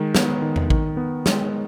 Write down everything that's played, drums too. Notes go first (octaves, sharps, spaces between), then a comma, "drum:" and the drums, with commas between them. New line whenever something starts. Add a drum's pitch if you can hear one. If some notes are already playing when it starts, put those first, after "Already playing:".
Already playing: D#3 G#3
B3, drum: snare
D#3
drum: tom E2
D#3, drum: kick A1
B3
G#3, drum: snare